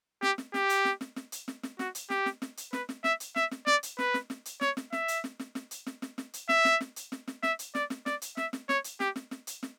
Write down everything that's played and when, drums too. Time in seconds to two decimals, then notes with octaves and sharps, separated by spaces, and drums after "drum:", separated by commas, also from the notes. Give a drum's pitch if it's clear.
0.23 G4, drum: snare
0.38 drum: snare
0.54 G4, drum: snare
0.69 drum: hi-hat
0.85 drum: snare
1.01 drum: snare
1.16 drum: snare
1.32 drum: hi-hat
1.48 drum: snare
1.63 drum: snare
1.79 F#4, drum: snare
1.95 drum: hi-hat
2.10 G4, drum: snare
2.26 drum: snare
2.42 drum: snare
2.57 drum: hi-hat
2.73 B4, drum: snare
2.89 drum: snare
3.04 E5, drum: snare
3.20 drum: hi-hat
3.36 E5, drum: snare
3.51 drum: snare
3.67 D5, drum: snare
3.83 drum: hi-hat
3.99 B4, drum: snare
4.14 drum: snare
4.30 drum: snare
4.45 drum: hi-hat
4.61 C#5, drum: snare
4.77 drum: snare
4.93 E5, drum: snare
5.08 drum: hi-hat
5.24 drum: snare
5.39 drum: snare
5.55 drum: snare
5.71 drum: hi-hat
5.87 drum: snare
6.02 drum: snare
6.18 drum: snare
6.34 drum: hi-hat
6.49 E5, drum: snare
6.65 drum: snare
6.81 drum: snare
6.96 drum: hi-hat
7.12 drum: snare
7.28 drum: snare
7.43 E5, drum: snare
7.59 drum: hi-hat
7.75 D5, drum: snare
7.90 drum: snare
8.06 D5, drum: snare
8.22 drum: hi-hat
8.37 E5, drum: snare
8.53 drum: snare
8.69 C#5, drum: snare
8.84 drum: hi-hat
9.00 G4, drum: snare
9.16 drum: snare
9.31 drum: snare
9.47 drum: hi-hat
9.63 drum: snare